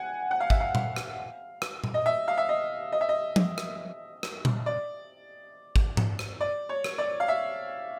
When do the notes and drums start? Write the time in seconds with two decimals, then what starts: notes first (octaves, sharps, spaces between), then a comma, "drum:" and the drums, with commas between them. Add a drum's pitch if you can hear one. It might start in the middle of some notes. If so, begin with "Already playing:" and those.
Already playing: F#5 G#5
0.31 F#5
0.40 F5
0.50 E5, drum: kick G#1
0.60 F5
0.75 drum: tom A#2
0.96 drum: rim click
1.62 drum: rim click
1.84 drum: tom A#2
1.94 D#5
2.06 E5
2.28 F5
2.38 E5
2.49 D#5
2.92 D#5
3.01 E5
3.09 D#5
3.36 drum: tom F3
3.58 drum: rim click
4.23 drum: rim click
4.45 drum: tom A#2
4.66 D5
5.76 drum: kick G#1
5.97 drum: tom G#2
6.19 drum: rim click
6.41 D5
6.69 C#5
6.84 drum: rim click
6.98 D5
7.20 F5
7.28 E5